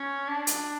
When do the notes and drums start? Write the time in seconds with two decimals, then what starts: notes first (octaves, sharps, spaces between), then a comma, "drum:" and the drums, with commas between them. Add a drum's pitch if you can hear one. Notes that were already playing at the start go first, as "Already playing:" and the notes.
Already playing: C#4
0.29 D4
0.47 drum: hi-hat